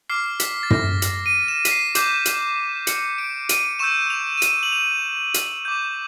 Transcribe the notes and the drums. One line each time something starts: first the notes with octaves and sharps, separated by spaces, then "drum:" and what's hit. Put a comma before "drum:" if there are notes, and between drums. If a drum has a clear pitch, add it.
D6 F6 C7
B6, drum: hi-hat
A6
A#6, drum: tom
drum: hi-hat
D#7
E7
B6, drum: hi-hat
C7
D6 G6 C7, drum: hi-hat
drum: hi-hat
C#7, drum: hi-hat
D7
D#7, drum: hi-hat
C#6 E6 G6 E7
F7
D#7
E7, drum: hi-hat
F#7
F7
drum: hi-hat
D6 G6